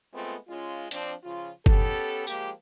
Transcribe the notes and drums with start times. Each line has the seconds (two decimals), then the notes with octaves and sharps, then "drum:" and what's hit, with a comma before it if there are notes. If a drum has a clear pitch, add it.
0.13 G#3 A3 B3 C4 F4
0.47 G#3 C#4 F4
0.91 F3 C4 D4, drum: hi-hat
1.22 C#3 F3 F4
1.66 B3 C#4 G4 A4, drum: kick F#1
2.27 F3 G#3 A#3 G4, drum: tambourine